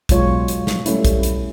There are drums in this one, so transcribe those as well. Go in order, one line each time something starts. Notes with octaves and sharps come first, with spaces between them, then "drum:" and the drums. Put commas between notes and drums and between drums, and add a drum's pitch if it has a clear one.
B2 F#3 G#3 F4 C#5, drum: kick B1, hi-hat
drum: hi-hat
drum: snare
G3 A3 C#4 E4, drum: hi-hat
drum: kick B1, hi-hat
drum: hi-hat